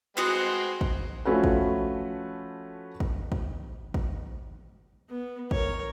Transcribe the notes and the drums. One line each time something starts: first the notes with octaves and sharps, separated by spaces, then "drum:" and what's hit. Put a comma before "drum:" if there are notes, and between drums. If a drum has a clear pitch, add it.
G#3 B3 C4 F#4 C6 F#6
drum: kick
F3 A3 C#4 F#4 B4
drum: kick
drum: kick
drum: kick
drum: kick
B3
A#4 C#5, drum: kick